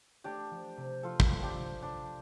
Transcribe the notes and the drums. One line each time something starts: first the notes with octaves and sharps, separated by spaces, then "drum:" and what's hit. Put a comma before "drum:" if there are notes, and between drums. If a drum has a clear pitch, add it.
A3 D4 G4
F3
C3
F3 F4 A4
drum: kick
F3
D4 G4
F3
A3 D4